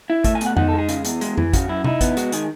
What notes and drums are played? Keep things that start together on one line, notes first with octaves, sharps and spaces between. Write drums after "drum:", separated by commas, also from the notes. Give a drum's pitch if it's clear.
E4
A3 E5, drum: kick G#1, hi-hat
G#5
B2, drum: hi-hat
F#5
D#4 F#5, drum: tom F2
G#3 A4
G#4
C#3, drum: hi-hat
E2, drum: hi-hat
G#3, drum: hi-hat
E3, drum: tom F2
C#3 F#4, drum: kick G#1, hi-hat
F#2 E4
D#4 E4, drum: tom C3
B3, drum: kick G#1, hi-hat
G#3 F#4, drum: hi-hat
D#3 G#4, drum: hi-hat